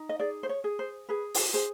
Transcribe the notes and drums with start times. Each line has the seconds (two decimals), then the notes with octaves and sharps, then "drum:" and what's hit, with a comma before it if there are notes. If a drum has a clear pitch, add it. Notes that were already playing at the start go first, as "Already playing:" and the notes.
Already playing: D#4
0.09 D#5
0.19 G#4 D5
0.43 C5
0.49 C#5
0.64 G#4
0.79 C5
1.09 G#4 B4
1.34 drum: open hi-hat
1.54 G#4 C5